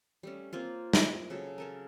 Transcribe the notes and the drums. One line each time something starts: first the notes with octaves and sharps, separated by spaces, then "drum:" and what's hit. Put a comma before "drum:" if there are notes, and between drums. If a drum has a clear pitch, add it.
G3 A3 C#4
A#3 C4 F4
drum: snare
C#3 F#3 A4
C#4 A4 A#4